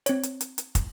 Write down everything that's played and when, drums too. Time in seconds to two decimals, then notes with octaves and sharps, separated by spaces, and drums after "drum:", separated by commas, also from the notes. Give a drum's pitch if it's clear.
0.06 C4 C#5, drum: hi-hat
0.23 drum: hi-hat
0.41 drum: hi-hat
0.58 drum: hi-hat
0.75 drum: kick, hi-hat